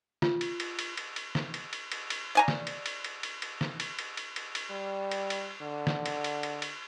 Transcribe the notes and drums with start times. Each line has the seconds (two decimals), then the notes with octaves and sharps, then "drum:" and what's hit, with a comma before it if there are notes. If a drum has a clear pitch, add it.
0.22 F4, drum: snare
0.41 drum: cymbal
0.60 drum: cymbal
0.79 drum: cymbal
0.97 drum: cymbal
1.16 drum: cymbal
1.35 drum: snare
1.54 drum: cymbal
1.73 drum: cymbal
1.92 drum: cymbal
2.10 drum: cymbal
2.35 D5 G#5 A#5
2.48 drum: snare
2.67 drum: cymbal
2.86 drum: cymbal
3.04 drum: cymbal
3.23 drum: cymbal
3.42 drum: cymbal
3.61 drum: snare
3.80 drum: cymbal
3.99 drum: cymbal
4.17 drum: cymbal
4.36 drum: cymbal
4.55 drum: cymbal
4.71 G3
5.11 drum: cymbal
5.30 drum: cymbal
5.61 D3
5.87 drum: snare
6.06 drum: cymbal
6.24 drum: cymbal
6.43 drum: cymbal
6.62 drum: cymbal